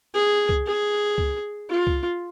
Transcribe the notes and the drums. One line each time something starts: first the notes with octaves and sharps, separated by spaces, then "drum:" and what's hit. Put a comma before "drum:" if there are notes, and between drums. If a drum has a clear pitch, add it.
G#4
drum: kick
G#4
drum: kick
F4
drum: kick